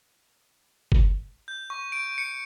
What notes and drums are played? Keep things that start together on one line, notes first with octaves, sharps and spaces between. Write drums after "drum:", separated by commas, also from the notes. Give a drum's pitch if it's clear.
drum: kick F#1
G6
C#6
D7
C#7